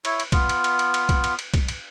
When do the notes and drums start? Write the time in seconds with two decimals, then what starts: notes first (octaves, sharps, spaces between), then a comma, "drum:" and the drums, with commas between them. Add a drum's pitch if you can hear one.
0.05 E4 C#5, drum: cymbal
0.20 drum: cymbal
0.32 B3 F4, drum: kick B1, cymbal
0.49 drum: cymbal
0.64 drum: cymbal
0.79 drum: cymbal
0.94 drum: cymbal
1.09 drum: kick B1, cymbal
1.24 drum: cymbal
1.39 drum: cymbal
1.54 drum: kick B1, cymbal
1.68 drum: cymbal